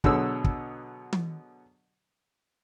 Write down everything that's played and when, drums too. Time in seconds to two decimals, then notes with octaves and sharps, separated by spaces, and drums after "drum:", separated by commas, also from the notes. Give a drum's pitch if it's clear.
0.04 B2 D3 F#3 G#4 E6, drum: kick
0.44 drum: kick
1.13 drum: tom